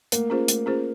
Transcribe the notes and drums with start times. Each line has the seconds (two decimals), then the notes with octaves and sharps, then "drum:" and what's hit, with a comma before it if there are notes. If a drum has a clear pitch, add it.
0.12 A3 A#3, drum: hi-hat
0.30 C#4 F4 G#4 C5
0.48 A3, drum: hi-hat
0.66 C#4 F4 G#4 C5